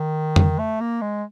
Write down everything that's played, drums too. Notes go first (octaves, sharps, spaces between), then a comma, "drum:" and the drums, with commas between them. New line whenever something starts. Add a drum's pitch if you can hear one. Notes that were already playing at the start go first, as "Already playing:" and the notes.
Already playing: D#3
drum: tom F2
A3
A#3
G#3